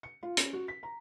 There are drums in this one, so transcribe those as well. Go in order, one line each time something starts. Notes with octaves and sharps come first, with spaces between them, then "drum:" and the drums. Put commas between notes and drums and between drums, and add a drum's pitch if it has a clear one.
C#7
F4
C#4, drum: hi-hat
F#4
B6
A#5